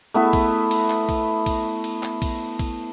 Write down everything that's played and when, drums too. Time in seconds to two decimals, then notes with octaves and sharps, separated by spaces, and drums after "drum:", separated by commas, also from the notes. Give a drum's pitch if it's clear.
0.14 A3 B3 E4
0.33 drum: kick, cymbal
0.71 drum: cymbal
0.90 drum: clap
1.09 drum: kick, cymbal
1.46 drum: kick, cymbal
1.84 drum: cymbal
2.03 drum: clap
2.22 drum: kick, cymbal
2.59 drum: kick, cymbal